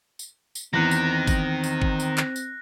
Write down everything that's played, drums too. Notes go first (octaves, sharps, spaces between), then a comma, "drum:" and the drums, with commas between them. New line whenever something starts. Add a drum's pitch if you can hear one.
drum: tambourine
drum: tambourine
E2 D#3 C4 F#6 A#6
drum: tambourine
drum: kick, tambourine
drum: tambourine
drum: kick
drum: tambourine
drum: clap
drum: tambourine